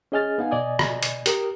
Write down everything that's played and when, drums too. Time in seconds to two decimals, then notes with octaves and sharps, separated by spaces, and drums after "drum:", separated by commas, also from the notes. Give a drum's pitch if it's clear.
0.12 C#4 G#4 D#5 G#5 F6 A6
0.38 B3 D#4 F5 F#5 G#5
0.51 B2 D5 D#5 G#5 D#6
0.79 drum: rim click
1.03 drum: hi-hat
1.26 G4 A#4 D#6, drum: hi-hat